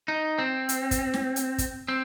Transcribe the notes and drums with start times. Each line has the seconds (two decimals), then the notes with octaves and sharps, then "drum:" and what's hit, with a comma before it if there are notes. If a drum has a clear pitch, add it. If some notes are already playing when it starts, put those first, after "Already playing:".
0.08 D#4
0.38 C4
0.69 drum: hi-hat
0.91 drum: kick, hi-hat
1.14 drum: snare
1.36 drum: hi-hat
1.58 drum: kick, hi-hat
1.88 C4